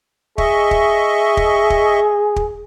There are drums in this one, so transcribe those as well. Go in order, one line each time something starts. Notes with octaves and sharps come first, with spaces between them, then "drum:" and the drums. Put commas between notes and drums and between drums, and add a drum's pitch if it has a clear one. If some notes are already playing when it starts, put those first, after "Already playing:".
G#4 D#5 E5 C#6, drum: kick
drum: kick
drum: kick
drum: kick
drum: kick